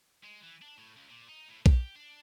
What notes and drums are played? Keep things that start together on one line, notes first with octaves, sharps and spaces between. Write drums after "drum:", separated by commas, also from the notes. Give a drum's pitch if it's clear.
G#3
E3
D4
A2
C#2
A#2
D#4
A2
G4, drum: kick B1
D4